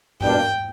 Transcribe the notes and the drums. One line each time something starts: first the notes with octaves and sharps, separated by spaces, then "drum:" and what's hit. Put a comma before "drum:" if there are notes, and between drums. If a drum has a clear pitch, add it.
B2 G3 A#3 D4 G5, drum: tom G2